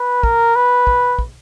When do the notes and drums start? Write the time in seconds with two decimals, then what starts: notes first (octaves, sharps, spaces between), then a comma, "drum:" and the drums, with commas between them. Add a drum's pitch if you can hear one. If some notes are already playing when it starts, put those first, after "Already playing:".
Already playing: B4
0.23 A#4, drum: kick
0.56 B4
0.87 drum: kick
1.19 drum: kick